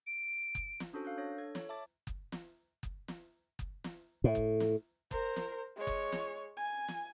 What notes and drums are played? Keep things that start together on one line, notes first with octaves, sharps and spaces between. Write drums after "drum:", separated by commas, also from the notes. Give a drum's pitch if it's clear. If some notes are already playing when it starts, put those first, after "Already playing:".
D7
drum: kick F#1
drum: snare
C#4 D4 F#4 A4 C5
A4 F5 F#6 G6
D4 C#5 A#6
A4 G#6
C#5, drum: snare
E5 A5 D6 A6
drum: kick F#1
drum: snare
drum: kick F#1
drum: snare
drum: kick F#1
drum: snare
A2
drum: kick F#1
drum: snare
A#4 C5, drum: kick F#1
drum: snare
G#3 C#5
drum: kick F#1
drum: snare
G#5
drum: snare